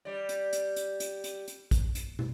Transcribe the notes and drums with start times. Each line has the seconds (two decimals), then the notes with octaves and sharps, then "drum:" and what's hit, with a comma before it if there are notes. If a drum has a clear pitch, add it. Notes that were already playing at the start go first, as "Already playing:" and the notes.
0.05 G3 D5
0.29 drum: hi-hat
0.53 drum: hi-hat
0.76 drum: hi-hat
1.00 drum: hi-hat
1.24 drum: hi-hat
1.48 drum: hi-hat
1.71 drum: kick, hi-hat
1.95 drum: hi-hat
2.19 drum: tom